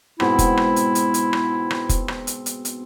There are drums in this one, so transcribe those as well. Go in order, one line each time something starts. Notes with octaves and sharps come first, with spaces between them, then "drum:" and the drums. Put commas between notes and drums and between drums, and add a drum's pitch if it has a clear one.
G#2 B2 C4 E4, drum: rim click
drum: kick F1, hi-hat
drum: rim click
drum: hi-hat
drum: hi-hat
drum: hi-hat
drum: rim click
drum: rim click
drum: kick F1, hi-hat
drum: rim click
drum: hi-hat
drum: hi-hat
drum: hi-hat